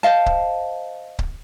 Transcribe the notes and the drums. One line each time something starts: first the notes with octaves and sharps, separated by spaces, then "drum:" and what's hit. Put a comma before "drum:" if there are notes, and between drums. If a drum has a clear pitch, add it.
C5 D#5 F5 A5
drum: kick C#1
drum: kick C#1